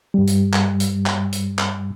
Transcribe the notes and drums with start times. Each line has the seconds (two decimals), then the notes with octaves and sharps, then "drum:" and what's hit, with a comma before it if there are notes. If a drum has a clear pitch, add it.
0.14 G2 G3
0.27 drum: hi-hat
0.54 drum: clap
0.80 drum: hi-hat
1.06 drum: clap
1.33 drum: hi-hat
1.59 drum: clap